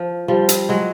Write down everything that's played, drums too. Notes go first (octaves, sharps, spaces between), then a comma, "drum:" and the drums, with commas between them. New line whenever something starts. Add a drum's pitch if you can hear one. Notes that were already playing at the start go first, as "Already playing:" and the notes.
Already playing: F3
F3 G3
drum: hi-hat
F#3 G#3